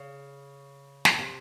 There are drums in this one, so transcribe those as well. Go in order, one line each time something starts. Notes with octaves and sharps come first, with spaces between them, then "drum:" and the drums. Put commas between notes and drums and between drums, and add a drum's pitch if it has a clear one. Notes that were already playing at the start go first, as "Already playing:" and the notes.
Already playing: C#3
drum: snare
C3